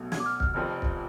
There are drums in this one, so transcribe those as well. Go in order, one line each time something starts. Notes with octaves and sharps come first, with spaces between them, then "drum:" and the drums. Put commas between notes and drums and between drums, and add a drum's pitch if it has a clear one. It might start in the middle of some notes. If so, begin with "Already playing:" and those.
Already playing: B1 B2 A3
G#6, drum: snare
D6
F6
F6, drum: kick
F1 F2 F3 F6
drum: kick